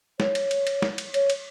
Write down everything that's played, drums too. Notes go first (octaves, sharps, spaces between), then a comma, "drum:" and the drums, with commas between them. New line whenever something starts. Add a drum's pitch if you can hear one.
C#5, drum: snare
drum: cymbal
drum: cymbal
drum: cymbal
drum: snare
drum: cymbal
C#5, drum: cymbal
drum: cymbal